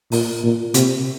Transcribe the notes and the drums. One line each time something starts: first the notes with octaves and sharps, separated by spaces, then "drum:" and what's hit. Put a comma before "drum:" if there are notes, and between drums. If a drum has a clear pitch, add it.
A#2, drum: open hi-hat
A#2
C3, drum: hi-hat